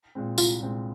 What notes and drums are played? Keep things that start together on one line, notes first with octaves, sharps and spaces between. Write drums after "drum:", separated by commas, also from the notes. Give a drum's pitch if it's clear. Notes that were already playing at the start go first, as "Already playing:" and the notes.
A#2 G#3 C4
C2 F4, drum: tambourine
A#2 G#3 C4